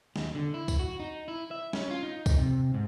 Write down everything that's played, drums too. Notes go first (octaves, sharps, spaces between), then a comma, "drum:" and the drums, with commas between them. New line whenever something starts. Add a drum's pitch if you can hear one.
D#2, drum: snare
D3
E4
drum: kick C#2, tambourine
F#4
D#4
E4
E5
C#4, drum: snare
F4
D#4
drum: kick C#2, tambourine
C3
G#2